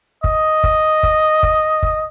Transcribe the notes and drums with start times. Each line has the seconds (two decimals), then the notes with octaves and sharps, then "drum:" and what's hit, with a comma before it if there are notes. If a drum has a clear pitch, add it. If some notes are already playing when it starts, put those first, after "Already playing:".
0.24 D#5, drum: kick
0.64 drum: kick
1.03 drum: kick
1.43 drum: kick
1.83 drum: kick